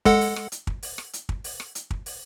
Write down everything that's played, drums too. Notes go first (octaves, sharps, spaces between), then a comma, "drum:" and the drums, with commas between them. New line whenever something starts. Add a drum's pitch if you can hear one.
G#3 A4 F#5, drum: kick
drum: open hi-hat
drum: rim click
drum: hi-hat
drum: kick
drum: open hi-hat
drum: rim click
drum: hi-hat
drum: kick
drum: open hi-hat
drum: rim click
drum: hi-hat
drum: kick
drum: open hi-hat